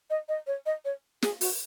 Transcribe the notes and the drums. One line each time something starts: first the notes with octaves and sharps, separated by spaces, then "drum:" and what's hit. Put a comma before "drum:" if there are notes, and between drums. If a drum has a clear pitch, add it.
D#5
D#5
C#5
D#5
C#5
G#4, drum: snare
F#4, drum: open hi-hat